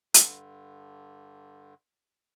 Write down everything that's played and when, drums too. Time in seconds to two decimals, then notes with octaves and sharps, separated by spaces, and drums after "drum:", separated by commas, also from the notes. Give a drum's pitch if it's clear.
0.14 G2 D3, drum: hi-hat